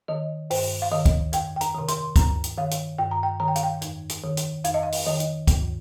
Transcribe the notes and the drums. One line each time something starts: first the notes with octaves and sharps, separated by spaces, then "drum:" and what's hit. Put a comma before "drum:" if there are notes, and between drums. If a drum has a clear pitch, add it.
D#3 D#5
G2 C5, drum: open hi-hat
F5
D#3 D#5
drum: kick, hi-hat
F2 G5, drum: hi-hat
G5
A#5, drum: hi-hat
C3 D#3
C6, drum: hi-hat
G2 A#5, drum: kick, hi-hat
drum: hi-hat
D#3 F5
drum: hi-hat
G2 G5
A#5
G5
D#3 A#5
G5
F5, drum: hi-hat
G5
F2, drum: hi-hat
drum: hi-hat
D#3
drum: hi-hat
F2 F5, drum: hi-hat
D#5
F5
drum: open hi-hat
D#3 D#5
drum: hi-hat
G2, drum: kick, hi-hat